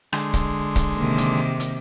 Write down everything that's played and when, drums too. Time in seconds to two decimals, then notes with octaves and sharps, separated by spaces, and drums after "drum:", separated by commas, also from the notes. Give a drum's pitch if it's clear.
0.13 D3 G#3 C6, drum: rim click
0.34 drum: kick, hi-hat
0.76 drum: kick, hi-hat
0.95 C3 D#3 A#3
1.18 drum: hi-hat
1.60 drum: hi-hat